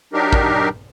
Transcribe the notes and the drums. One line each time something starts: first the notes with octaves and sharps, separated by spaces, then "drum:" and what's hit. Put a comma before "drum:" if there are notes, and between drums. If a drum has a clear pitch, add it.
F#3 D4 D#4 G4 A#4
drum: kick